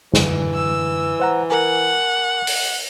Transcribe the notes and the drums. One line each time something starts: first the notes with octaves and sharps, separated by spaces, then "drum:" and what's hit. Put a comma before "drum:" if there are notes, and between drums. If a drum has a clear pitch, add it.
F#2 D3 E3, drum: snare
E6
C5 F#5 A#5
A#4 F#5 G#5
drum: open hi-hat